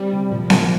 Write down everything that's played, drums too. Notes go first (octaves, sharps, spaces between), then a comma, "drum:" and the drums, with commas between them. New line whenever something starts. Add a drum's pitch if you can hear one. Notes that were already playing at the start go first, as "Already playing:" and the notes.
Already playing: G3 C4
C3
A#2 F3
A#2, drum: snare B3